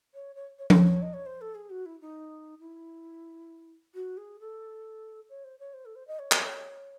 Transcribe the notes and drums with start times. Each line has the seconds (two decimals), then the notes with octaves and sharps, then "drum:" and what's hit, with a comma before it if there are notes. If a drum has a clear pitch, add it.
0.14 C#5
0.36 C#5
0.59 C#5
0.70 C#5, drum: tom F3
1.02 D#5
1.14 C#5
1.26 C5
1.41 A4
1.55 G#4
1.70 F#4
1.86 E4
2.01 D#4
2.60 E4
3.95 F#4
4.17 G#4
4.40 A4
5.29 C#5
5.44 C5
5.59 C#5
5.73 C5
5.85 A4
5.95 C5
6.07 D#5
6.19 C#5
6.32 drum: clap